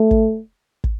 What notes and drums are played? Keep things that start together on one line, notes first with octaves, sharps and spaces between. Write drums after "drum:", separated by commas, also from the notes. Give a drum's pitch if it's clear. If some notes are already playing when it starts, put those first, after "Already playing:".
Already playing: A3
drum: kick
drum: kick